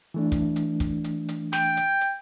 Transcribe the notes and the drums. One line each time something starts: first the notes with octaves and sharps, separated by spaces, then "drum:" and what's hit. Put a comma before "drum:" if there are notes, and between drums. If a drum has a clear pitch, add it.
E3 A3 D4
drum: kick, hi-hat
drum: hi-hat
drum: kick, hi-hat
drum: hi-hat
drum: hi-hat
G5, drum: snare
drum: hi-hat
drum: hi-hat